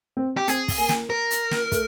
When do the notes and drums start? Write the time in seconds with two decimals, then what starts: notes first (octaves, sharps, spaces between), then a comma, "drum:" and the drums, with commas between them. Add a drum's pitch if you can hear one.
0.17 C4
0.37 G4
0.48 C4 G#4, drum: hi-hat
0.68 drum: kick, open hi-hat
0.78 A#3
0.89 drum: snare
1.10 A#4
1.31 drum: hi-hat
1.51 drum: snare
1.72 A3, drum: kick, hi-hat